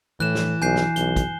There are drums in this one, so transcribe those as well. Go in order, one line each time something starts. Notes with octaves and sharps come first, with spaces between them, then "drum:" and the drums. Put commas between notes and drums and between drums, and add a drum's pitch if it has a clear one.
A2 E3 F#6 E7
drum: snare
B1 G#5 G6 C7
drum: snare
B1 G7, drum: hi-hat
drum: kick, hi-hat